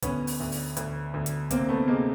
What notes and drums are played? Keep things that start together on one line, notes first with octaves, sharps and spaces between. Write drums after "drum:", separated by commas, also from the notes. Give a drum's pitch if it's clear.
D2 B3 C#4, drum: kick, hi-hat
drum: open hi-hat
D2
drum: open hi-hat
D2, drum: hi-hat
D2
drum: hi-hat
C3 A#3 C4, drum: kick, hi-hat
A3 B3
C3 G#3 A#3